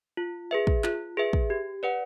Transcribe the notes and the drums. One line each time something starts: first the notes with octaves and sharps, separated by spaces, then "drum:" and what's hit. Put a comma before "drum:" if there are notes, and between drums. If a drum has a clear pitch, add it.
F4
G#4 B4 E5
drum: kick
F4, drum: clap
G#4 B4 E5
drum: kick
G4
B4 D5 F#5